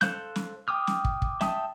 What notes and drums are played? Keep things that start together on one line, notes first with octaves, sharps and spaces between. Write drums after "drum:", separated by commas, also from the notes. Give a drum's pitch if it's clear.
A4 C5 F5 F#6 G6, drum: snare
drum: snare
G5 D6 D#6 F6
drum: snare
drum: kick
drum: kick
E5 G5 A5 D#6, drum: snare